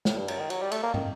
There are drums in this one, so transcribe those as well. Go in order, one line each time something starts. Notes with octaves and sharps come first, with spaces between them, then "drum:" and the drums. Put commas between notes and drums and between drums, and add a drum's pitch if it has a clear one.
A2, drum: snare
G2
F#2, drum: cymbal
D#3
F#3, drum: cymbal
G3
A3, drum: cymbal
A#3
D#3, drum: tom